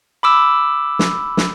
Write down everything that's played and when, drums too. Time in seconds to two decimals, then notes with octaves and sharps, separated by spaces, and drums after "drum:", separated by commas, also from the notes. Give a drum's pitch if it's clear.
0.23 B5 D6 E6
0.99 drum: snare
1.37 drum: snare